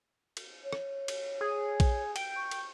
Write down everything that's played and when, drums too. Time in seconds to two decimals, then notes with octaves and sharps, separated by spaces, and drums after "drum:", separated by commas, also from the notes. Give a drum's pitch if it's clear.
0.37 drum: cymbal
0.63 C#5
0.73 drum: rim click
1.08 drum: cymbal
1.41 G#4
1.80 drum: kick A#1, cymbal
2.16 G5, drum: cymbal
2.36 C#6
2.51 drum: cymbal